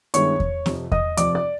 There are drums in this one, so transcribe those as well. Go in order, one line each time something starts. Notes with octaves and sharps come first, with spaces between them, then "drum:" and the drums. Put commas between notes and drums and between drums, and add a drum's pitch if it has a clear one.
G2 D#3 G#3 B3 E4 C#5 C#6, drum: hi-hat
drum: kick E2
F2 C3 F3, drum: snare C4
D#5 D#6, drum: kick E2
F2 C3 F3 D5 D6, drum: hi-hat
D5 D6